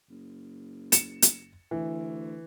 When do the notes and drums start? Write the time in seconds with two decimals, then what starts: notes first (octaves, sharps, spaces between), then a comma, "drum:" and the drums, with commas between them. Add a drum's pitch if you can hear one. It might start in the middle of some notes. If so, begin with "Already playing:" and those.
0.10 F#1
0.92 C#7 E7, drum: hi-hat
1.22 drum: hi-hat
1.71 D2 E3